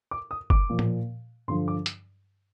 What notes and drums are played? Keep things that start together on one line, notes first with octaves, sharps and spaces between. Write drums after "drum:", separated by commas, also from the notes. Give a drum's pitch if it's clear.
D6
D#6
D6, drum: kick
A#2 F3
drum: tom
G2 D3 F3 C6
D6
drum: hi-hat